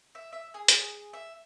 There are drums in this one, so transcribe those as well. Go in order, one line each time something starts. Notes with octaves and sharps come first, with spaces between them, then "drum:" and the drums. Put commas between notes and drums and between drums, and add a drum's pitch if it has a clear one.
E5
E5
G#4
drum: hi-hat
E5